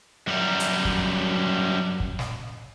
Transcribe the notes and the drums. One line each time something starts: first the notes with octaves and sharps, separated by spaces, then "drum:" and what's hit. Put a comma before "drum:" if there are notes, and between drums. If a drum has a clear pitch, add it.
F#2 G3
drum: hi-hat
drum: kick
drum: kick
drum: snare